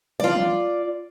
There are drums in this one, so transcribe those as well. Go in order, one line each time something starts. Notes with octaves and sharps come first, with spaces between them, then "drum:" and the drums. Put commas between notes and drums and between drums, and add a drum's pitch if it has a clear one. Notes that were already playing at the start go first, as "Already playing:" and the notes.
F4 D5, drum: tom
drum: tom